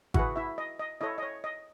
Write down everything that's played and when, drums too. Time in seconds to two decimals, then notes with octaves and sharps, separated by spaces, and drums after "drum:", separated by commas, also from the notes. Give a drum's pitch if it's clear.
0.14 E4 F#4 G#4 B4 F#5, drum: kick G#1
0.36 E4 E5
0.58 D#5
0.79 D#5
1.01 E4 A4 C#5 D#5
1.18 D#5
1.23 C#5
1.44 D#5